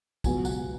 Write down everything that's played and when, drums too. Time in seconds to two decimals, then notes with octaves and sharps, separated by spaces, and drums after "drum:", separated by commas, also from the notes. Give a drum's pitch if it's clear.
0.24 C#2 B2 F#3 B3 G#5, drum: kick, tambourine
0.45 F#5, drum: tambourine